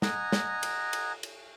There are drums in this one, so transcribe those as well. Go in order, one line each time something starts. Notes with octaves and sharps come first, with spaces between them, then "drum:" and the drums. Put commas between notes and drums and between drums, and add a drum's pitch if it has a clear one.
D#5 F#5 G#5 A#5, drum: snare
drum: snare
drum: cymbal
drum: cymbal
drum: cymbal